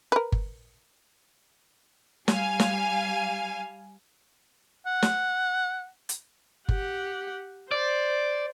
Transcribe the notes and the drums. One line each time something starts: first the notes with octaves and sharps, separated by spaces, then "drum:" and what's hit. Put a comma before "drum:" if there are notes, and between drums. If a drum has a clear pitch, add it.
A#4 B4
drum: kick G1
G3 F5 G#5, drum: snare
drum: snare
F#5
drum: snare
drum: hi-hat
G4 F#5, drum: kick G1
C5 D5